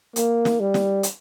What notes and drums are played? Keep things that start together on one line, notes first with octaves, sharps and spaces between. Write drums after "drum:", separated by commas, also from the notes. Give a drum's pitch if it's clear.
A#3, drum: hi-hat
drum: snare
G3
drum: snare
drum: hi-hat